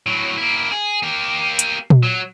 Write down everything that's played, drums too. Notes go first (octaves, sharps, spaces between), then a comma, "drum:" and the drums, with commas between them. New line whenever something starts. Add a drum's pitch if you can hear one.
A2 F#3
A#3 E4
G#4
A#3 G4
drum: hi-hat
drum: tom A#2
F#3